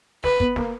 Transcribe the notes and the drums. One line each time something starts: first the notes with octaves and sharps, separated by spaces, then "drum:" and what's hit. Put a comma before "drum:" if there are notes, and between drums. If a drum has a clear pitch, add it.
B4, drum: snare
B3, drum: kick
A#3, drum: snare